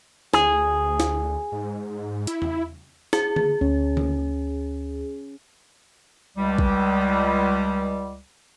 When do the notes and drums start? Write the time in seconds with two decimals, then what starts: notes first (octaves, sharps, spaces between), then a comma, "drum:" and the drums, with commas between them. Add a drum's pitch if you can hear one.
0.34 D2 G#4, drum: snare
1.00 drum: snare
1.52 G#2
2.27 E4, drum: hi-hat
2.42 drum: tom E2
3.13 G#4, drum: snare
3.36 drum: tom D3
3.61 D2 C#4
3.97 drum: tom D3
6.37 C#2 G3
6.59 drum: kick A1